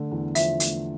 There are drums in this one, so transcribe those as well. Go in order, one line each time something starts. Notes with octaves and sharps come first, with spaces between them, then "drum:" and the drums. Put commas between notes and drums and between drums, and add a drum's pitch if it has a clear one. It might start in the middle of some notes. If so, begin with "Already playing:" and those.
Already playing: D3 A3
E2
F3 E5, drum: hi-hat
A3, drum: hi-hat